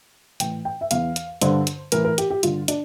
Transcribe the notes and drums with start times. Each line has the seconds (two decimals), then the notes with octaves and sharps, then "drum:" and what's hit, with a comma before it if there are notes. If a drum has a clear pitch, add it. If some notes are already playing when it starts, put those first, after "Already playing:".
0.40 A2 E3 G5, drum: hi-hat
0.65 G5
0.81 E5
0.91 E2 E3 F5, drum: hi-hat
1.16 drum: hi-hat
1.41 G2 D3 C5, drum: hi-hat
1.67 drum: hi-hat
1.92 A2 E3 A#4, drum: hi-hat
2.05 A#4
2.18 G4, drum: hi-hat
2.30 G4
2.43 G2 D3 F4, drum: hi-hat
2.68 D4, drum: hi-hat